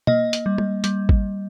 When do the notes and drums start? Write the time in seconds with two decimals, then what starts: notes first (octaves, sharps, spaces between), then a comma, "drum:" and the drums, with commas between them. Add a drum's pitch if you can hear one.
0.07 A#3 D#5, drum: tom
0.33 drum: hi-hat
0.46 G3
0.58 drum: tom
0.84 G3, drum: hi-hat
1.09 drum: kick G#1